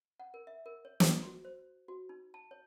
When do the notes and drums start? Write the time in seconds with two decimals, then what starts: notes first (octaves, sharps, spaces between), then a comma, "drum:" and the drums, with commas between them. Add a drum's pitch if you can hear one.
0.20 F#5
0.34 A#4
0.47 E5
0.66 A#4
0.85 C#5
1.00 C5, drum: snare
1.23 F#4
1.45 C5
1.88 F#4
2.09 D#4
2.34 A5
2.51 C#5